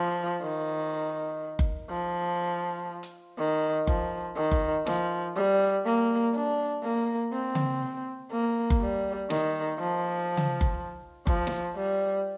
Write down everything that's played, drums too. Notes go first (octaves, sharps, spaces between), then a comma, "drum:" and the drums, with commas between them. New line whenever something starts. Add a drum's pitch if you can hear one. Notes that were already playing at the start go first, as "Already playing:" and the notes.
Already playing: F3
D#3
drum: kick F#1
F3
drum: hi-hat
D#3
F3, drum: kick F#1
D#3
drum: kick F#1
F3, drum: snare
G3
A#3
D4
A#3
C4
drum: tom C#3
A#3
drum: kick F#1
G3
D#3, drum: snare
F3
drum: tom C#3
drum: kick F#1
F3, drum: kick F#1
drum: snare
G3